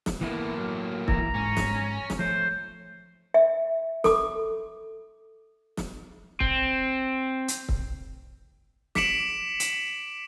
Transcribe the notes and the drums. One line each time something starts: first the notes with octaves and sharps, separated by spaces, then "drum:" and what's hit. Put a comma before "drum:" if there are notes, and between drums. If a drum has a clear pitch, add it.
drum: snare
A2 E3 A#3 B3 E4
F#3
E3 E4 A#5, drum: kick
G#2 C#4
drum: snare
drum: snare
F3 A3 C5 C#5
E5
A4 D6, drum: snare
drum: snare
C4, drum: kick
drum: hi-hat
drum: kick
D6 B6 C#7 D7 E7 F#7, drum: snare
drum: hi-hat